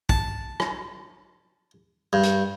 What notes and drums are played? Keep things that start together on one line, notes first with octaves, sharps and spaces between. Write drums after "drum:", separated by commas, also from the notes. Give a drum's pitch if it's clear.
A5, drum: kick
drum: rim click
G2
drum: hi-hat